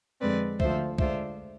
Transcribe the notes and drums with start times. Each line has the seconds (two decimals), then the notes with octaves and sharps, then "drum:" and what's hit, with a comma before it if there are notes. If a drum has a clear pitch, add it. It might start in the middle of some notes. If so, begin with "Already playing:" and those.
0.21 F2 D3 G#3 C4 B4 D5
0.60 D2 D3 F3 C5 E5, drum: kick B1
0.98 D3 G#3 D4 F4 C5 E5, drum: kick B1